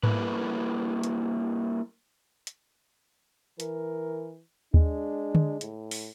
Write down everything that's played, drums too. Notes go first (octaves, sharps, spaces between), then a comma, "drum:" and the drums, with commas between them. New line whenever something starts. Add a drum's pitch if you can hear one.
G3 A#3 E4 A4 B4, drum: tom G#2
drum: hi-hat
drum: hi-hat
E3 A#4, drum: hi-hat
G#3 D4, drum: kick D#2
drum: tom D3
A2, drum: hi-hat
drum: open hi-hat